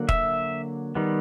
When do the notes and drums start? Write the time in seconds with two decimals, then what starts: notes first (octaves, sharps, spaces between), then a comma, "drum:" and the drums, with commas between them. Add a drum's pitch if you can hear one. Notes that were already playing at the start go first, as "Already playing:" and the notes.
Already playing: D3 F#3 A#3
0.09 E5, drum: kick E1
0.95 D#3 G3 B3